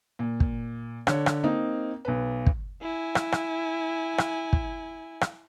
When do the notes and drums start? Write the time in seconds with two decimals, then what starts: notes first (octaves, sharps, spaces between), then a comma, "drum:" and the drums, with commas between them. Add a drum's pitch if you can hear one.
0.19 A#2
0.40 drum: kick
1.07 D3 C#5, drum: rim click
1.26 drum: rim click
1.43 A#3 C4 D#4
2.05 B1 B4
2.46 drum: kick
2.82 E4 G#5
3.15 drum: rim click
3.32 drum: rim click
4.18 drum: rim click
4.53 drum: kick
5.21 drum: rim click